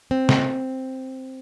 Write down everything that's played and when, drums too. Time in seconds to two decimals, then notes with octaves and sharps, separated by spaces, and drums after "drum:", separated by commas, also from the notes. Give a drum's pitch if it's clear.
0.11 C4
0.29 drum: snare